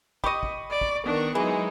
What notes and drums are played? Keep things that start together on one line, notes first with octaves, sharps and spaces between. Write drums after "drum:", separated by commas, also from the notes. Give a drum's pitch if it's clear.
G4 D#5 B5 C#6 D#7, drum: kick
drum: kick
D5
drum: kick
D#3 B3 D4 A#4 C#6
E3 F#3 G#3 D#4 G#4